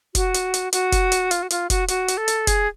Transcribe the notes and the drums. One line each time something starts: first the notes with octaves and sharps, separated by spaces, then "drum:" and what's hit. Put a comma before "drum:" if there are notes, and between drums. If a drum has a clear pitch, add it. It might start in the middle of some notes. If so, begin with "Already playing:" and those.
F#4, drum: kick, hi-hat
drum: hi-hat
drum: hi-hat
F#4, drum: hi-hat
drum: kick, hi-hat
drum: hi-hat
F4, drum: hi-hat
F#4
F4, drum: hi-hat
F#4, drum: kick, hi-hat
F#4, drum: hi-hat
drum: hi-hat
A4
drum: hi-hat
G#4, drum: kick, hi-hat